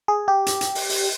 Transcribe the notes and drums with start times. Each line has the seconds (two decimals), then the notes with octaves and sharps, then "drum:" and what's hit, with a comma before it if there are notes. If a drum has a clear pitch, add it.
0.08 G#4
0.28 G4
0.46 drum: hi-hat
0.61 drum: hi-hat
0.75 drum: open hi-hat
0.89 drum: open hi-hat